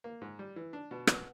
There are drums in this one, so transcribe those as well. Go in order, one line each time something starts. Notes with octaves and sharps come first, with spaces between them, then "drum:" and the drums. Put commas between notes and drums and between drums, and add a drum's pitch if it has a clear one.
A#3
G#2
G3
E3
D4
B2
B3, drum: rim click